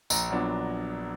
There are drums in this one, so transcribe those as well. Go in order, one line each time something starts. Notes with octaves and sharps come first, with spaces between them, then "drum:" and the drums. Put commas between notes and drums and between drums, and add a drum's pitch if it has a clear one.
A#1 A#5, drum: tambourine
A#2 F#3 B3 D4